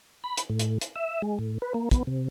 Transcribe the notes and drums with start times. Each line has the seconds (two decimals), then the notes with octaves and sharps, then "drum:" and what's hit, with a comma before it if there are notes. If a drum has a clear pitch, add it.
0.24 B5
0.37 drum: hi-hat
0.50 A2
0.59 drum: hi-hat
0.81 drum: hi-hat
0.96 E5
1.22 G#3
1.39 A2
1.62 B4
1.74 A#3
1.91 B3, drum: kick, hi-hat
2.07 C3